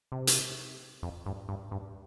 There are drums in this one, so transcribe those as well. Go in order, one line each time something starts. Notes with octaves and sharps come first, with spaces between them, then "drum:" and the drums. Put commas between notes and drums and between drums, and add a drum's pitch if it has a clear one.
C3
drum: hi-hat
F2
G2
G2
G2